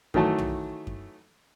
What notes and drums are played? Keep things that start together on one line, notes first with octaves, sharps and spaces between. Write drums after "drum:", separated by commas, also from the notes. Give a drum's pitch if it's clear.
D#3 E3 F#3 A3 A5, drum: kick F#2
drum: tom
drum: kick F#2